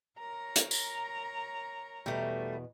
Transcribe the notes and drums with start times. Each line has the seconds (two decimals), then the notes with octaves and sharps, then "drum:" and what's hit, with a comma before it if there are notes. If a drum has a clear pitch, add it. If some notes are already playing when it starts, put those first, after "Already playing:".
0.19 A#4 C#5 A#5
0.56 drum: hi-hat
0.71 drum: tambourine
2.06 E2 B2 G3 A3